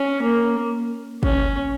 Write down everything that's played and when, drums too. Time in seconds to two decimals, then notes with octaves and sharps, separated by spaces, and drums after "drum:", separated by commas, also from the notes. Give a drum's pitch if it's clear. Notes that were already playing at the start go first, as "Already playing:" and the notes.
Already playing: C#4
0.22 A#3
1.23 C#4, drum: kick